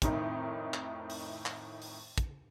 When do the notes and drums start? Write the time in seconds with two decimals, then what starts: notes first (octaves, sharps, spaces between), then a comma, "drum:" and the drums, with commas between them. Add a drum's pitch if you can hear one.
0.02 F2 A2 D#3 D#4 E4, drum: kick, hi-hat
0.74 drum: clap
1.10 drum: open hi-hat
1.46 drum: clap
1.82 drum: open hi-hat
2.18 drum: kick, hi-hat